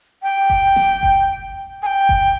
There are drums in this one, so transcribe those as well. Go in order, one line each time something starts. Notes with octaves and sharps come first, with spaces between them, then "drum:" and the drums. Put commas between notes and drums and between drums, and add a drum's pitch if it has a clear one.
G5
drum: kick F#1
drum: snare
drum: kick F#1
G#5
G5
drum: kick F#1